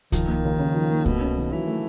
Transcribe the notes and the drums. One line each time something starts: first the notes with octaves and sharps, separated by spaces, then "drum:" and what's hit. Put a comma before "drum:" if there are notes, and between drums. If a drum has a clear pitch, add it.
D#3 F3, drum: kick C2, hi-hat
A#3
D#2
C#3
F3
A#3
B2 A3, drum: kick C2
C#4
D#3
E3 F#3
A3